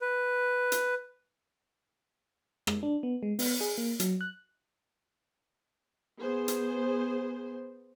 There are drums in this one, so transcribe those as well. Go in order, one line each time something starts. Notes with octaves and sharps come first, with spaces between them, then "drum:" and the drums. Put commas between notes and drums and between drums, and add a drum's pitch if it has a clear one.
B4
drum: hi-hat
G#3, drum: rim click
D4
B3
G#3
B3, drum: open hi-hat
G#4
A#3
F#3, drum: hi-hat
F#6
B3 G#4 C5
drum: hi-hat